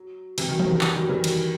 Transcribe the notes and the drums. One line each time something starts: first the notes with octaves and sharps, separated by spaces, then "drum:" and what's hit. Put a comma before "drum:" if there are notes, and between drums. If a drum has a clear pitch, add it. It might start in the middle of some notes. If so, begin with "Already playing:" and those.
Already playing: F#3
C3 E3, drum: cymbal
D#3 F#3
D#3 F#3, drum: tom E3
E3 G3
E3 G3, drum: clap
D#3 F#3
E3 G3
D#3 F#3, drum: cymbal